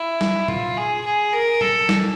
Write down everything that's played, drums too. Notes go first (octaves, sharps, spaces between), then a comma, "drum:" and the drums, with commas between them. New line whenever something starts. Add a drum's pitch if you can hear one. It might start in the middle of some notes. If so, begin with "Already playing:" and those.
Already playing: E4
drum: snare
F4, drum: tom A#2
G#4
G#4
A#4
A4, drum: tom A#2
drum: snare